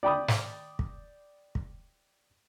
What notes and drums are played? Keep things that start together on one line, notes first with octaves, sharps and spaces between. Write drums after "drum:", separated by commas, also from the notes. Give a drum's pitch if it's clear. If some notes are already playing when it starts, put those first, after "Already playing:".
D5 G5 B5 D#6
drum: snare
drum: kick
drum: kick